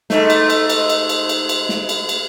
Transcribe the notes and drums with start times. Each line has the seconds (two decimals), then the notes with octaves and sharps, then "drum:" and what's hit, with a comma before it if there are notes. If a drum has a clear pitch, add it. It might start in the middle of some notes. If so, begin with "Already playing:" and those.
0.10 G#2 A3, drum: snare
0.30 drum: cymbal
0.50 drum: cymbal
0.70 drum: cymbal
0.89 drum: cymbal
1.09 drum: cymbal
1.29 drum: cymbal
1.49 drum: cymbal
1.69 drum: snare
1.89 drum: cymbal
2.09 drum: cymbal